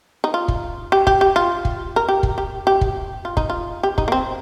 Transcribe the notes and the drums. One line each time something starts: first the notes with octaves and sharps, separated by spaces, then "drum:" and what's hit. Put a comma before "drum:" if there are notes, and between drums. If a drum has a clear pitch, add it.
D#4
F4
drum: kick
G4
G4, drum: kick
G4
F4
drum: kick
A#4
G4
drum: kick
G4
G4
drum: kick
F4
D#4, drum: kick
F4
G4
D#4, drum: kick
A#3
C4